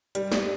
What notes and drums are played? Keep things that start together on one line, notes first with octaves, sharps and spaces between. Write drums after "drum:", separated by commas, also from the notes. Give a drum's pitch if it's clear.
G3, drum: hi-hat
drum: snare